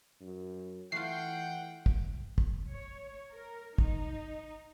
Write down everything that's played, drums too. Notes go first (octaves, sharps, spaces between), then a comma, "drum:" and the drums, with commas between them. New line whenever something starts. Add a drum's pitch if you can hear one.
F#2
E3 A3 F4 F#5 G5 C7
drum: kick
drum: kick
C#5
A#4
D#4, drum: kick